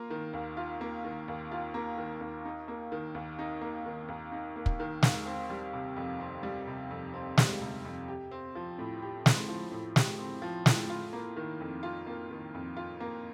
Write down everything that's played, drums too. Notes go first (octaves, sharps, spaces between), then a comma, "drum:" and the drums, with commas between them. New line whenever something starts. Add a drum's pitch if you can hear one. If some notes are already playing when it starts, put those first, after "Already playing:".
Already playing: A#3 F4
D#3
D#2
F4
A#3
D#3
D#2
F4
A#3
D#3
D#2
D#4
A#3
D#3
D#2
D#4
A#3
D#3
D#2
D#4
A#3
drum: kick
D#3
D#2, drum: snare
C4
G3
C3
F2
C4
G3
C3
F2
C4
G3, drum: snare
C3
F2
G4
C4
F3
A2
G4
C4, drum: snare
F3
A2
G4, drum: snare
C4
F3
A2, drum: snare
F4
A#3
D#3
F2
F4
A#3
D#3
F2
F4
A#3